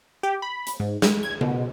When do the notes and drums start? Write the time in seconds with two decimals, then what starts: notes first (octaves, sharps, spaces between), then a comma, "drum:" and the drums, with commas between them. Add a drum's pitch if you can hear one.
0.23 G4
0.42 B5
0.67 drum: hi-hat
0.80 G#2
1.02 G#3, drum: snare
1.23 G#6
1.41 B2, drum: tom C#3